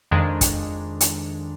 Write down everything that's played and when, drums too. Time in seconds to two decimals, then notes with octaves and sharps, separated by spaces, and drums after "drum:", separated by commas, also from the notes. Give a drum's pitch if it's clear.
0.11 F2 D#3 G#3 D4
0.41 drum: kick, hi-hat
1.01 drum: hi-hat